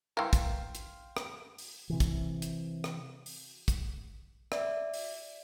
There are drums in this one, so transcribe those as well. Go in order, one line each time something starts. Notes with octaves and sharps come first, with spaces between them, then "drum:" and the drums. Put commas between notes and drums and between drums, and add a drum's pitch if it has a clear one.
E3 A#4 F5 G5 C6
drum: kick, hi-hat
drum: hi-hat
drum: rim click
drum: open hi-hat
C3 E3
drum: kick, hi-hat
drum: hi-hat
drum: rim click
drum: open hi-hat
drum: kick, hi-hat
D5 E5, drum: rim click
drum: open hi-hat